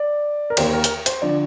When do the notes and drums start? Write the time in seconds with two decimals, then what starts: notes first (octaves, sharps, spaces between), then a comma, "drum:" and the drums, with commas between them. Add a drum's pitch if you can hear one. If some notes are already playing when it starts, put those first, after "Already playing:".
Already playing: D5
0.50 A#4
0.57 D#2 D#3 A#3 C5, drum: cymbal
0.73 A#4
0.84 drum: hi-hat
1.06 C5, drum: hi-hat
1.22 D3 F3 D5